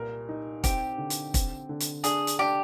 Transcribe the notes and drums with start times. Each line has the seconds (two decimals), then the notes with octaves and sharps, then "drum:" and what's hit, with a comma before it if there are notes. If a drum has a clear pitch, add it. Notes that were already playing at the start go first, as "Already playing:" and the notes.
Already playing: C2 A#2 A#4
0.29 D#4
0.64 C4 G4, drum: kick, hi-hat
0.98 D3
1.10 drum: hi-hat
1.34 C4, drum: kick, hi-hat
1.69 D3
1.80 drum: hi-hat
2.04 D4 G#4, drum: hi-hat
2.27 drum: hi-hat
2.39 D4 G4